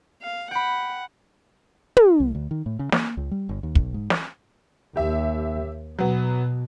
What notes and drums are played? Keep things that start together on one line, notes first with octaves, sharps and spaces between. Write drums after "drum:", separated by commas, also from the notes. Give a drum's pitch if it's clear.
F5
F#5 G5 B5
drum: tom
C2
D2
D#3
A2
C#3
A#3, drum: snare
C#2
G3
G1
D#2
B1, drum: kick
G#2
drum: snare
D#2 G4 E5
B2 F#3 B3